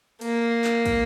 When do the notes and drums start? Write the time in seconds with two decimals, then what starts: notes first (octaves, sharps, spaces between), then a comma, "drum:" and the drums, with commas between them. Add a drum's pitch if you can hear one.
0.21 A#3, drum: cymbal
0.64 drum: clap
0.86 drum: kick, cymbal